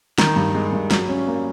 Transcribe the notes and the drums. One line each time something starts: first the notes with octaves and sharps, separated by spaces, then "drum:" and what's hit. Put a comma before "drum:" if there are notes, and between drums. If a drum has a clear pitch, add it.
D#3, drum: snare
G2
G#3
G2
F#3, drum: snare
C#4
A#3